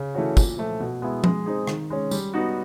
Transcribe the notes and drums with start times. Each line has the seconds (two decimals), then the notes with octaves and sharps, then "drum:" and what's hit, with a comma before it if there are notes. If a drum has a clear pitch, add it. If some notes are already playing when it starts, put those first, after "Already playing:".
Already playing: C#3
0.14 E3 A3 C#4 F#4
0.37 A#2, drum: kick, tambourine
0.58 F3 A3
0.80 B2
1.02 G#3 B3 E4
1.24 G#3, drum: tom F3
1.46 C4 D#4 G#4
1.67 D#3, drum: rim click
1.90 G#3 C#4
2.11 G3, drum: tambourine
2.34 B3 D#4 F#4